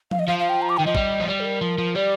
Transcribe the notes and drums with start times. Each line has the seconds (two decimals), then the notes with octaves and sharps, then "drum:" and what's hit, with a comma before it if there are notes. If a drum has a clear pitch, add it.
0.11 F5, drum: tom F3
0.19 D#5
0.28 F3 F5
0.39 F5
0.49 G5
0.62 A#5
0.69 D6
0.77 D#3 G5
0.86 F3 D#5
0.95 G3, drum: kick A1
1.20 F3
1.28 G3 D5
1.40 A4
1.45 A#4
1.61 F3
1.78 F3
1.95 G3 D5